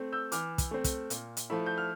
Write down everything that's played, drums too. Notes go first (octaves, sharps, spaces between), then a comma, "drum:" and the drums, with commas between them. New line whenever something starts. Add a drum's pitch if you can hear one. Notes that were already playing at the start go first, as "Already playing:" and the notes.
Already playing: A3 C4
E6 G6
E3 D6 F6, drum: hi-hat
drum: kick, hi-hat
A3 C4
drum: kick, hi-hat
A#2, drum: hi-hat
drum: hi-hat
F3 A3 E4
G6
F6